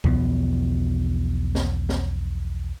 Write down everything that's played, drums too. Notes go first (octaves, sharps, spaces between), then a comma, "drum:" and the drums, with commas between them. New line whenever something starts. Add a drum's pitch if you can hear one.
B1 E2 F3 B3, drum: kick C#2
drum: snare
drum: snare